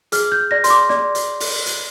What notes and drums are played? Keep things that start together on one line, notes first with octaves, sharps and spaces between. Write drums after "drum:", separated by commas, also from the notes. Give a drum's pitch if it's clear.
G#4 F6, drum: hi-hat
G6
D5 A#6
C6, drum: hi-hat
D6
D5, drum: snare
drum: hi-hat
drum: open hi-hat
drum: hi-hat